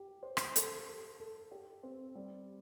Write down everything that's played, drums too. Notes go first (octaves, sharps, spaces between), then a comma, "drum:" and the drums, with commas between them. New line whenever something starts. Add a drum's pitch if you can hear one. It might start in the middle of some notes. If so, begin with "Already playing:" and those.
Already playing: G4
C5
drum: rim click
A4, drum: hi-hat
A4
A4
G4
C4
G3